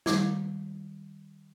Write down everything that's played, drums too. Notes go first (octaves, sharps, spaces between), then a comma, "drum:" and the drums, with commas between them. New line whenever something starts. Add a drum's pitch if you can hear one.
D#3 G3 D6 G#6, drum: snare